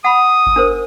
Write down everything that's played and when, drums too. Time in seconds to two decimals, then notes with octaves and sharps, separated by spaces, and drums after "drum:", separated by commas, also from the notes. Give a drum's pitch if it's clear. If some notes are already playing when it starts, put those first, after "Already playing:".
0.04 F#5 B5 D#6
0.47 drum: kick G1
0.56 D4 A#4 C5